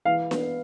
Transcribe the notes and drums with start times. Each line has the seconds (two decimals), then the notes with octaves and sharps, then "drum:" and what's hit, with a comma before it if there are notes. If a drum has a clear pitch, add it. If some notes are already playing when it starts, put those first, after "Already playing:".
0.05 E3 F5
0.31 B3, drum: snare D4